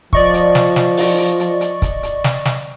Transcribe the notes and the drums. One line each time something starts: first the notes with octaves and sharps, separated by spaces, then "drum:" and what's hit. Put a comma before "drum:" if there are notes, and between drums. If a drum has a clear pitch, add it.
F3 D5 D#5 C#6, drum: kick
drum: hi-hat
drum: snare
drum: snare
drum: open hi-hat
drum: hi-hat
drum: hi-hat
drum: hi-hat
drum: kick, hi-hat
drum: hi-hat
drum: snare
drum: snare